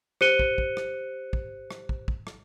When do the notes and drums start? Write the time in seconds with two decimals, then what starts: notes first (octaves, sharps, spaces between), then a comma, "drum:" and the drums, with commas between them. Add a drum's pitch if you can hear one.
0.21 G4 C5 F#6 C#7 D#7 G7, drum: rim click
0.39 drum: kick
0.58 drum: kick
0.77 drum: rim click
1.33 drum: kick
1.71 drum: rim click
1.89 drum: kick
2.08 drum: kick
2.27 drum: rim click